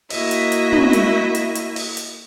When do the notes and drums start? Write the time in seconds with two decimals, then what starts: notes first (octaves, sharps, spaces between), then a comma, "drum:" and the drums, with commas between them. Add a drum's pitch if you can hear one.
0.10 A#3 E4 F#4 D#5 E5, drum: open hi-hat
0.31 drum: hi-hat
0.52 drum: hi-hat
0.72 drum: tom
0.93 drum: hi-hat
1.35 drum: hi-hat
1.55 drum: hi-hat
1.76 drum: open hi-hat
1.97 drum: hi-hat